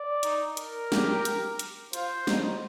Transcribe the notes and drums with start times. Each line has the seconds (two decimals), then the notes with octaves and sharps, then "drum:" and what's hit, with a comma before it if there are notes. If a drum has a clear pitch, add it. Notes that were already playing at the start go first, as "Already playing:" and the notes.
Already playing: D5
0.23 D#4, drum: hi-hat
0.57 A#4, drum: hi-hat
0.92 G4, drum: snare
1.25 drum: hi-hat
1.59 drum: hi-hat
1.93 F4 C5, drum: hi-hat
2.27 D#4, drum: snare